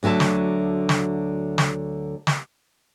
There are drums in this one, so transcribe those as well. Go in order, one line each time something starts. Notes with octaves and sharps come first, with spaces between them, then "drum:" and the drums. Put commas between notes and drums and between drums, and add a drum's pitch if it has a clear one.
D2 D3 F#3 E5 A5
drum: snare
drum: snare
drum: snare
drum: snare